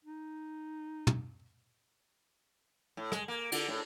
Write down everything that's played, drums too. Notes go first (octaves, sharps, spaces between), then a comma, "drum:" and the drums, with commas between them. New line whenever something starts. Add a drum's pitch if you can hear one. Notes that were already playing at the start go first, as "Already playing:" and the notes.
D#4
drum: tom
A2
G#3, drum: rim click
A#3
D3, drum: cymbal
A2